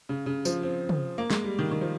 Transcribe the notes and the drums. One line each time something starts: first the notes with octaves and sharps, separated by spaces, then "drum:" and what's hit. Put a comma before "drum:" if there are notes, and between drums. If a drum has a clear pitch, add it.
C#3
C#3
F3, drum: tambourine
C4
drum: tom
A#3
G#3, drum: snare
G3
D#3
D#3
F3